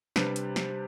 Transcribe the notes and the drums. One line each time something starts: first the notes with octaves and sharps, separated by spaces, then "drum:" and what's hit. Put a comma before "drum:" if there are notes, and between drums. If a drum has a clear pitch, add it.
C3 G3 D4 G4 B4, drum: snare
drum: hi-hat
drum: snare